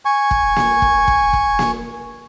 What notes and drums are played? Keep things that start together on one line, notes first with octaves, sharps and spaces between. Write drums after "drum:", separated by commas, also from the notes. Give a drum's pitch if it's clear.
G#5 C#6
drum: kick
drum: snare A#3
drum: kick
drum: kick
drum: kick
drum: snare A#3